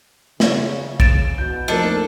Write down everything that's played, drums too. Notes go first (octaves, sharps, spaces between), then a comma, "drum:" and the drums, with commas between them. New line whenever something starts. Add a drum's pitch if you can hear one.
C#3 C#5 F#7, drum: snare
A6 D7 E7, drum: kick
B2 G6
F2 A3 A#3 D4 D#4 A4 D#5